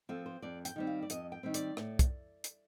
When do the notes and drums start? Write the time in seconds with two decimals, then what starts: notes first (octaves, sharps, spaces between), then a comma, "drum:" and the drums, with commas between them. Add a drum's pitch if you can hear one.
0.09 F3 C4 F4 A4
0.26 C5
0.42 F2 D5
0.65 G5, drum: hi-hat
0.76 D#3 G3 C4
0.87 F5
1.02 D5
1.10 F2 D#5, drum: hi-hat
1.32 G5
1.43 D#3 G3 C4
1.54 D5, drum: hi-hat
1.77 A2, drum: rim click
1.99 drum: kick, hi-hat
2.44 drum: hi-hat